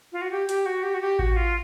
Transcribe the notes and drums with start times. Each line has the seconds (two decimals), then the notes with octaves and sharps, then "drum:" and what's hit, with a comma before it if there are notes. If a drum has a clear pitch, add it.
0.12 F4
0.22 F#4
0.31 G4
0.49 G4, drum: hi-hat
0.66 F#4
0.83 G4
0.94 F#4
1.01 G4
1.19 F#4, drum: kick A1
1.36 F4